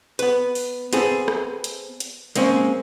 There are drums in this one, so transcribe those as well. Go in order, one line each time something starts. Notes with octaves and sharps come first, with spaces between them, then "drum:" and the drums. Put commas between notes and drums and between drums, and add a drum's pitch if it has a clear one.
B3 B4, drum: hi-hat
drum: open hi-hat
B3 C4 G#4 A4, drum: hi-hat
drum: rim click
drum: hi-hat
drum: hi-hat
G#3 A#3 C4 C#4, drum: hi-hat